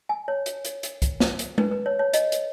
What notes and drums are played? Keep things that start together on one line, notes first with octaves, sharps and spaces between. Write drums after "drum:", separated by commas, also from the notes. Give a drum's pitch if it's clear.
G#5
C#5
drum: hi-hat
drum: hi-hat
drum: hi-hat
drum: kick, hi-hat
drum: snare
drum: hi-hat
B4, drum: tom G#3
B4
C#5
C#5
D#5, drum: hi-hat
drum: hi-hat